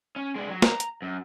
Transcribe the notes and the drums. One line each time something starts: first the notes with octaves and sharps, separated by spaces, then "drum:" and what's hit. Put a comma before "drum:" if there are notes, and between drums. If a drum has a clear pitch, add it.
C#4
G#3 D4
F#3
A#5, drum: snare
drum: hi-hat
F#2